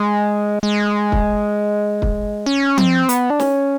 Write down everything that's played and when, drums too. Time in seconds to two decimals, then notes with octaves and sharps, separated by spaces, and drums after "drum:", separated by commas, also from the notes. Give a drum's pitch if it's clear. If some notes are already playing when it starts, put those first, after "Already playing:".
Already playing: G#3
0.63 G#3
1.12 drum: kick
2.02 drum: kick
2.46 C#4
2.78 C4, drum: tom F3
3.09 B3, drum: hi-hat
3.30 D4
3.40 C#4, drum: snare